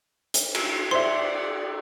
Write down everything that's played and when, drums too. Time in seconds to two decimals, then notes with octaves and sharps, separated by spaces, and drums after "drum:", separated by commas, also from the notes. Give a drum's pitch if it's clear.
0.34 drum: hi-hat
0.55 drum: cymbal
0.91 G4 C5 D5 E5 F#5 C6